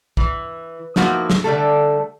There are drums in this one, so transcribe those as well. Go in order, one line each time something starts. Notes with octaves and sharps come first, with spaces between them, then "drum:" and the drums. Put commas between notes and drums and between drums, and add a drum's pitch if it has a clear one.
E3, drum: kick
F3 A#3 D#4 E4 F#4, drum: snare
drum: snare
D3 G3 A3 A4